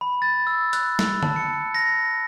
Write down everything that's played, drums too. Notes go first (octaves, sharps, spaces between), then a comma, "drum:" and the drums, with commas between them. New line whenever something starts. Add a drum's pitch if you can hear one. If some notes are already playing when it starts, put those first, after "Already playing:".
B5
A6
E6
F#6, drum: hi-hat
drum: snare
A5, drum: tom D3
C#7
A#6